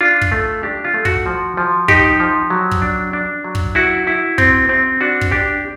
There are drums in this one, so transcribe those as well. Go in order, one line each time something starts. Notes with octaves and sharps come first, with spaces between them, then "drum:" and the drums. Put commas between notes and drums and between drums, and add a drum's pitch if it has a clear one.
D4 F4
drum: kick
A3
D4 G4
F4
A3
F#4, drum: kick
F3
F3
D#4 G4, drum: kick
F3
F#3
drum: kick
D4
D4
F#3
drum: kick
E4 F#4
E4
C4, drum: kick
C4
D4 F#4
drum: kick
D4 G4